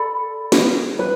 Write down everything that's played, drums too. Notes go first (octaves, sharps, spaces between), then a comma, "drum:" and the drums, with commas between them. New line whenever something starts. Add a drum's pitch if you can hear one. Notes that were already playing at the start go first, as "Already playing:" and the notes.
Already playing: A4 D5 B5
drum: snare
B4